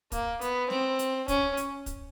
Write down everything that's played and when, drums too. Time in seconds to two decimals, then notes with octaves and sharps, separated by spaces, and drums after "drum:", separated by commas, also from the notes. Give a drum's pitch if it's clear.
0.12 A#3, drum: kick, hi-hat
0.41 B3, drum: hi-hat
0.70 C4, drum: snare
0.99 drum: hi-hat
1.28 C#4, drum: kick, hi-hat
1.57 drum: hi-hat
1.86 drum: kick, hi-hat